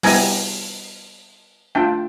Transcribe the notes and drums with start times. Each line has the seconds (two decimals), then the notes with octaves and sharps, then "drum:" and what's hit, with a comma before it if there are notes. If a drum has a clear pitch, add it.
0.03 G3 B3 E4 G4 G#5 A#5, drum: open hi-hat
1.75 A3 D4 F4 G5 A5